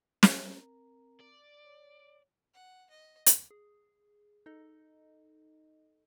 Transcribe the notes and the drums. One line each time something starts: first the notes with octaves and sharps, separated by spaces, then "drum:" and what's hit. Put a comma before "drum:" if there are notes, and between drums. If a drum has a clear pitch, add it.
E5, drum: snare
C4 A#4 A#5
D5
C#5
F#5
D#5
drum: hi-hat
G#4
D#4 A4 D#5